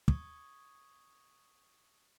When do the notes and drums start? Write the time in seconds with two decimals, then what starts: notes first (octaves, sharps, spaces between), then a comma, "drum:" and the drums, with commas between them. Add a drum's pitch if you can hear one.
0.08 C#6 D#6 G#6, drum: kick